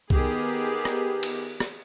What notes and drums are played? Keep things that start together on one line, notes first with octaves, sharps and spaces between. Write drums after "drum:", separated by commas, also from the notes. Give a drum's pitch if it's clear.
D#3 B3 G4 G#4, drum: kick C2
drum: rim click
drum: cymbal
drum: rim click